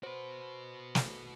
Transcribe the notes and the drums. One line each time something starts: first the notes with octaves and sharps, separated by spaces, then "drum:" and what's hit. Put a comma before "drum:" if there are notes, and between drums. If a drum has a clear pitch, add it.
F#4 B4 C5
drum: snare